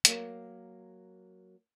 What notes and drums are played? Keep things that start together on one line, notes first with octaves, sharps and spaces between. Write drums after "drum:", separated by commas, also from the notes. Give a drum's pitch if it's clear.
F#3 A#3, drum: hi-hat